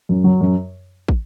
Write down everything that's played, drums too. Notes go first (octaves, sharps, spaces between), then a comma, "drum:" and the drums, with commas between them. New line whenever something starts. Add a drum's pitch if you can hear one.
F#2
F#3
F#2
drum: kick